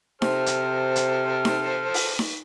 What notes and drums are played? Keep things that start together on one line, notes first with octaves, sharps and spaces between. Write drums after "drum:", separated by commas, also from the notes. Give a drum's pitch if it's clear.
C3 A4 C5 F6, drum: snare D#4
drum: hi-hat
drum: hi-hat
drum: snare D#4
drum: open hi-hat
drum: snare D#4